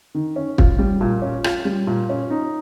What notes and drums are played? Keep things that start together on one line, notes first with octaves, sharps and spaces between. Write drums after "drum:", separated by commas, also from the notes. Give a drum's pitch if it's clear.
D#3
C#4
F4, drum: kick
G3
A#2
C#4
F4, drum: rim click
G3
A#2
C#4
D#4